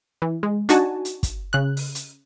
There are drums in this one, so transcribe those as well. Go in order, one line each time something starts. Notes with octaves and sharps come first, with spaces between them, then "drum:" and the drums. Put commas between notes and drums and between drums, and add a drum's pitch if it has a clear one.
E3
G#3
D4 D#4 F#4 G#5 A5, drum: hi-hat
drum: hi-hat
drum: kick, hi-hat
C#3 F#6
drum: open hi-hat
drum: hi-hat